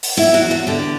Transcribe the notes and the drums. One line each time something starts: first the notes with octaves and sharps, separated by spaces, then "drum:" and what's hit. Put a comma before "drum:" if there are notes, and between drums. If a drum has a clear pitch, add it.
drum: open hi-hat
F#3 E4
F#4
E2
F#4
D3 G4